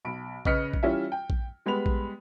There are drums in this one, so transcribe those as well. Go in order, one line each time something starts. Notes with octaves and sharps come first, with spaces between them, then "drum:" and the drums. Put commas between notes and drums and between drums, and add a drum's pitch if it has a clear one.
B1 B5 D7
C#3 B4 D#5 F6 B6 C#7, drum: kick A#1
drum: kick A#1
E3 G3 C#4 F4 E5
G5
drum: kick A#1
G3 G#3 B3 B5 F7
drum: kick A#1